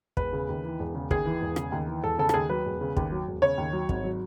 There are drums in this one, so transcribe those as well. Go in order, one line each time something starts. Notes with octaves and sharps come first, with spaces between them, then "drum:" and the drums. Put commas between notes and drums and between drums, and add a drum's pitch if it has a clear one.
E1 B4, drum: kick
C#3
D#2
E3
E1
C#3
D#2 G#4, drum: kick
E3
E1
C#3, drum: rim click
D#2
E3
E1 A4
C#3 A4
A4, drum: rim click
D#2 G#4
F#3 B4
E1
C#3
D#2, drum: kick
F#3
E1
C#3 C#5
D#2
F#3
G#1, drum: kick
F#3